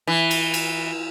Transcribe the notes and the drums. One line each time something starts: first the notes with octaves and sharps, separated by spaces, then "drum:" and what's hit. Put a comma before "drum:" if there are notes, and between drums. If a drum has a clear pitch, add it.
E3
drum: cymbal
drum: cymbal